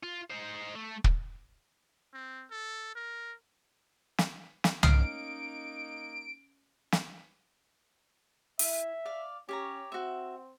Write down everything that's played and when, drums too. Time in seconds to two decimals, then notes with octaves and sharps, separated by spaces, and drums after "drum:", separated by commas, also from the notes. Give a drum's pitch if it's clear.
0.03 F4
0.30 D#4 C5
0.75 A3
1.04 drum: kick
2.14 C4
2.51 A4
2.95 A#4
4.18 drum: snare
4.64 drum: snare
4.83 A#3 C#4 D#4 D#6 F6 C7 D7, drum: tom C2
6.92 drum: snare
8.59 E4 E5, drum: open hi-hat
9.05 D5 F5
9.49 C#4 G4 C#5 A#5
9.92 C4 F#4 E5